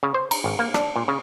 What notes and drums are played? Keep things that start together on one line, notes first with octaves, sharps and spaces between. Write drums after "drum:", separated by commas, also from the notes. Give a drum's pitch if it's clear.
C#3
C5
A#5, drum: cymbal
G#1
A#3
D4, drum: rim click
A#2
C#3